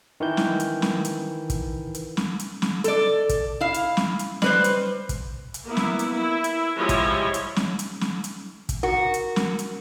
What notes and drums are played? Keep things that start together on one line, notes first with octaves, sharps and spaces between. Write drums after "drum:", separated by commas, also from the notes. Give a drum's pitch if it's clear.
D#3 E3 G6
drum: snare
drum: hi-hat
drum: snare
drum: hi-hat
drum: kick, hi-hat
drum: hi-hat
drum: snare
drum: hi-hat
drum: snare
A4 D5, drum: hi-hat
drum: kick, hi-hat
E4 F5
drum: hi-hat
drum: snare
drum: hi-hat
G3 B4 C5, drum: snare
drum: hi-hat
drum: kick, hi-hat
drum: hi-hat
A#3 B3 E4
drum: snare
drum: hi-hat
E4
drum: hi-hat
F3 G3 G#3 E4 C#5 D#5
drum: kick, hi-hat
drum: hi-hat
drum: snare
drum: hi-hat
drum: snare
drum: hi-hat
drum: kick, hi-hat
F#4 A#4
drum: hi-hat
drum: snare
drum: hi-hat